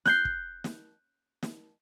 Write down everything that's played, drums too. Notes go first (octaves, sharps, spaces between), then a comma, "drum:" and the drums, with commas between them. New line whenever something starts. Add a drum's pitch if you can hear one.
F#6 G6 C7, drum: snare
drum: kick
drum: snare
drum: snare